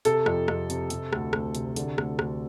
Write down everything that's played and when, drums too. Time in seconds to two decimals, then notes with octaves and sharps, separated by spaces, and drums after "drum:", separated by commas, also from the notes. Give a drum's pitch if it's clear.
0.05 C3 A4, drum: hi-hat
0.26 F2, drum: rim click
0.48 F2, drum: rim click
0.70 C3, drum: hi-hat
0.90 C3, drum: hi-hat
1.13 D2, drum: rim click
1.33 D2, drum: rim click
1.55 C3, drum: hi-hat
1.76 D3, drum: hi-hat
1.98 D2, drum: rim click
2.19 D2, drum: rim click